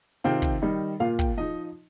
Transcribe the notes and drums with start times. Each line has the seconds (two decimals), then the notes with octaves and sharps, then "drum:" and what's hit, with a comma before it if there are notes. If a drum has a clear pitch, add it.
0.24 C3 D#3 C4 F4 G5
0.42 drum: kick
0.62 D#3 G3 D#4
1.00 A#2 A#3 F4 F5
1.19 G5, drum: kick
1.37 F3 D#4 D#5